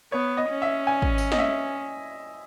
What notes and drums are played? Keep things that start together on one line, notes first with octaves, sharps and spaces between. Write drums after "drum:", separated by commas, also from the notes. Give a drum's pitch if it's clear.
B3 C#5
D#5
C#4
E5
G#5
drum: kick
drum: tambourine
D#5, drum: snare
E5